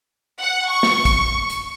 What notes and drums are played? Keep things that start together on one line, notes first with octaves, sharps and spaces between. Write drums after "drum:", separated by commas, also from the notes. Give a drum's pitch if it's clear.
F#5
C#6
drum: snare
drum: kick, hi-hat
drum: hi-hat